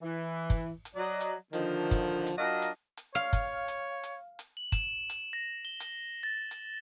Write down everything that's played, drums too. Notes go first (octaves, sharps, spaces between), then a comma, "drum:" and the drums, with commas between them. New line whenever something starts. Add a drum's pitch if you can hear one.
E3
drum: kick, hi-hat
drum: hi-hat
F#3 D5 D#5
drum: hi-hat
D3 D#3 F3, drum: hi-hat
drum: kick, hi-hat
drum: hi-hat
F#3 D4 F4 F#4 A#4 D#5
drum: hi-hat
drum: hi-hat
C#5 F5
drum: kick, hi-hat
drum: hi-hat
drum: hi-hat
drum: hi-hat
F#7
E7, drum: kick, hi-hat
drum: hi-hat
A#6
G7
drum: hi-hat
A6
drum: hi-hat